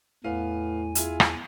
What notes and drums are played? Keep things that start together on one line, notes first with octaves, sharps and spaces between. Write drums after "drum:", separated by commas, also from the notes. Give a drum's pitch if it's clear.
E2 A2 B3 F5 G#5
E4 F4 G#4, drum: hi-hat
drum: rim click